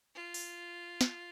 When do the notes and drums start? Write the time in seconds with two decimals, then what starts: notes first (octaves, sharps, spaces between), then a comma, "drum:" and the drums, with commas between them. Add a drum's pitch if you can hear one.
0.15 F4
0.34 drum: open hi-hat
1.01 drum: snare